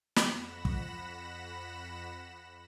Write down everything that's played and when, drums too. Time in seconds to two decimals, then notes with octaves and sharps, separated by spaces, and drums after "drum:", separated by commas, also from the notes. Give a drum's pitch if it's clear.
0.16 F2 F#5 B5 A#6 E7, drum: snare
0.65 drum: kick